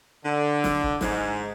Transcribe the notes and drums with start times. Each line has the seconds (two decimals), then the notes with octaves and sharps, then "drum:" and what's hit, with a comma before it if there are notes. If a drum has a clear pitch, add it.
0.24 D3
0.64 drum: snare
0.83 drum: kick C#1
1.01 G#2, drum: snare